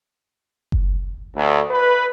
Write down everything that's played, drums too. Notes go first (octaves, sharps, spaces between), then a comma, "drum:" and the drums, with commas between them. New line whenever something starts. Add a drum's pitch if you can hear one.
drum: kick F#1
D2
B4